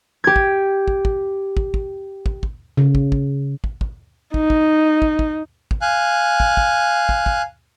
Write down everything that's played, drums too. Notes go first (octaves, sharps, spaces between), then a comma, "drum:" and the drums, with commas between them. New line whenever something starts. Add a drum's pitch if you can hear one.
G4 G#6
drum: kick
drum: kick
drum: kick
drum: kick
drum: kick
drum: kick
drum: kick
C#3
drum: kick
drum: kick
drum: kick
drum: kick
D#4, drum: kick
drum: kick
drum: kick
drum: kick
drum: kick
F5 G#5 F#6
drum: kick
drum: kick
drum: kick
drum: kick